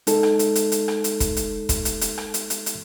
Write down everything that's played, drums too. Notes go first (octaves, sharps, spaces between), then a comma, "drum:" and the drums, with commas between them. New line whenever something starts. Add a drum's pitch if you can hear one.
G#3 D#4 A4, drum: hi-hat
drum: rim click
drum: hi-hat
drum: hi-hat
drum: hi-hat
drum: rim click
drum: hi-hat
drum: kick, hi-hat
drum: hi-hat
drum: kick, hi-hat
drum: hi-hat
drum: hi-hat
drum: rim click
drum: hi-hat
drum: hi-hat
drum: hi-hat